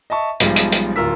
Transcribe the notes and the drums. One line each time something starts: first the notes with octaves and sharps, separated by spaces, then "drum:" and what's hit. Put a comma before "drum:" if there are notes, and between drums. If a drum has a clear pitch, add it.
D#5 E5 A5 C#6
B1 F3 G3 G#3, drum: hi-hat
drum: hi-hat
drum: hi-hat
D1 F4 A#4 E6 B6